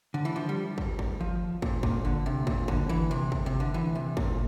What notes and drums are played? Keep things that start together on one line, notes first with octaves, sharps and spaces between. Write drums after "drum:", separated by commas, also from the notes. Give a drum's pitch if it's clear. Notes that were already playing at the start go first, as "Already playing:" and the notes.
D3
E3
F3
G3
drum: kick
drum: kick
F3
A#2, drum: kick
A#2, drum: kick
D3
C3
A#2, drum: kick
D3, drum: kick
E3
C3
drum: kick
C3
D3
E3
C3
A#2, drum: kick